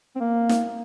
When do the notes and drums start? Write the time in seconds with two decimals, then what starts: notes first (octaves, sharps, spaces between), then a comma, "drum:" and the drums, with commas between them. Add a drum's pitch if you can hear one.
0.16 C4
0.20 A#3
0.49 drum: snare